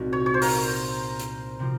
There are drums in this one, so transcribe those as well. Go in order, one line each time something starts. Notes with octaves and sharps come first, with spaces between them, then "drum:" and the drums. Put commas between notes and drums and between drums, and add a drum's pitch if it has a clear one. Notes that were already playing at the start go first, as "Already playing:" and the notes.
Already playing: C2 A#2 G#3 D#4 F#4
C#5
C#5
C5
A#4, drum: open hi-hat
drum: hi-hat
C3 F3 C4 F4